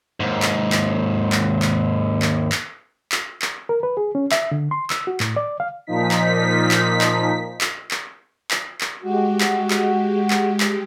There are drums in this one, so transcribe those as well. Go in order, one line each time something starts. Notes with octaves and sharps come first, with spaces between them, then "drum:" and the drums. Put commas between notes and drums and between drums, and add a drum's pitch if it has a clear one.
D#2 G#2
drum: clap
drum: clap
drum: clap
drum: clap
drum: clap
drum: clap
drum: clap
drum: clap
A#4
B4
G#4
C#4
E5, drum: clap
D3
C6
E6, drum: clap
F#4
A2, drum: clap
D5
F5
A#2 F3 D#4 B6
drum: clap
drum: clap
drum: clap
drum: clap
drum: clap
drum: clap
drum: clap
G#3 F#4 G4
drum: clap
drum: clap
drum: clap
drum: clap